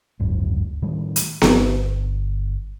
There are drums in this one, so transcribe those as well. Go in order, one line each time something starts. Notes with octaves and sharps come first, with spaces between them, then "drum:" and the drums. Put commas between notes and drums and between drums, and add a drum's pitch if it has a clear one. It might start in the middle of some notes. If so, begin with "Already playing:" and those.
F#1 D2 G#2
A2 D#3 G3 A3
drum: hi-hat
G1, drum: snare B3